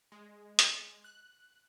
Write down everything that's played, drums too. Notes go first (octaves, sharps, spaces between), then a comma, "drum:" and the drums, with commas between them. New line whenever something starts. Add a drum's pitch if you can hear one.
G#3
drum: hi-hat
F#6